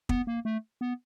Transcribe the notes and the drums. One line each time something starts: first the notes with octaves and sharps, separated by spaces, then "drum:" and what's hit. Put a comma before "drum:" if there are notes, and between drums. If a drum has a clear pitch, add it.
B3, drum: kick
A#3
A3
B3